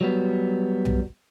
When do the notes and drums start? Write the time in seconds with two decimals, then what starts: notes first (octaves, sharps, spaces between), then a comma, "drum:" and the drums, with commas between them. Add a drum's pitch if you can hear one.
0.01 F#3 G3 B3
0.85 drum: tom B1